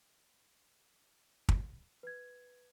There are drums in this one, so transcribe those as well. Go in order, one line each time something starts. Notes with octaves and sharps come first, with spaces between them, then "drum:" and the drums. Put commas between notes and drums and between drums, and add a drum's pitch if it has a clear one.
drum: kick
B4 G#6